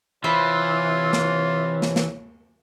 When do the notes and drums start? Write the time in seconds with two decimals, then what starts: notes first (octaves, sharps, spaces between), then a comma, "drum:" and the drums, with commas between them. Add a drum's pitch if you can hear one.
0.24 C3 E3 F4 C5 C#5 B5
1.13 drum: snare
1.82 drum: snare
1.96 drum: snare